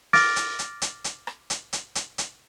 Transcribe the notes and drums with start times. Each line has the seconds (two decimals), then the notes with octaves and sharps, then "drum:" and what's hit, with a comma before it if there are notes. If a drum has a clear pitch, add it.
0.13 D6 F6 A6 A#6 D7, drum: open hi-hat
0.36 drum: hi-hat
0.59 drum: hi-hat
0.82 drum: hi-hat
1.04 drum: hi-hat
1.27 drum: rim click
1.50 drum: hi-hat
1.73 drum: hi-hat
1.95 drum: hi-hat
2.18 drum: hi-hat